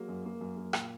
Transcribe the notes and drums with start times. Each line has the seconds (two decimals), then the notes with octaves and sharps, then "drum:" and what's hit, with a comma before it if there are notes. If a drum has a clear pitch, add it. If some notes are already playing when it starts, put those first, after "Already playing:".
Already playing: F#3 G#3 A#3
0.09 F#2
0.26 A#3
0.41 F#2
0.57 A#3
0.73 A#2, drum: rim click